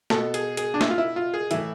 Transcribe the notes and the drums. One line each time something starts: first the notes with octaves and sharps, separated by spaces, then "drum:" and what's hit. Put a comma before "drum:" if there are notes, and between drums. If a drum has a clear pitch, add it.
B2 A4, drum: snare
G#4, drum: hi-hat
G#4, drum: hi-hat
D4
E4, drum: snare
F4
E4
F4
G#4
A2 E3 E4, drum: hi-hat